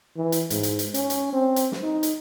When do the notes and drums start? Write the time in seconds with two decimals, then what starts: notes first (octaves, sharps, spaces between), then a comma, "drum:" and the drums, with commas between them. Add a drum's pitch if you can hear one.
0.17 E3
0.32 drum: hi-hat
0.50 G#2, drum: hi-hat
0.63 drum: hi-hat
0.79 drum: hi-hat
0.94 C#4, drum: hi-hat
1.10 drum: hi-hat
1.33 C4
1.56 drum: hi-hat
1.72 drum: snare
1.83 D#4
2.03 drum: hi-hat